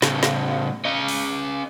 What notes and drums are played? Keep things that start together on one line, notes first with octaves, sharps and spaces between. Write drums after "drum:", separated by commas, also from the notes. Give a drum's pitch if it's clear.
A2 C#3, drum: snare
drum: snare
C#4 D#5
drum: open hi-hat